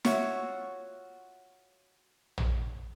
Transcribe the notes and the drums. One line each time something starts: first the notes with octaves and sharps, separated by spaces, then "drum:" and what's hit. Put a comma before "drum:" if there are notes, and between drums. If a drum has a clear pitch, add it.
F4 F#4 C#5 E5, drum: snare
drum: tom